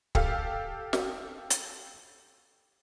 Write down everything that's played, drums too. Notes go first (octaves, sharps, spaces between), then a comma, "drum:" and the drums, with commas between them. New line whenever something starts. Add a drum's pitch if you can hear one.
G4 A4 F5, drum: kick
drum: snare
drum: hi-hat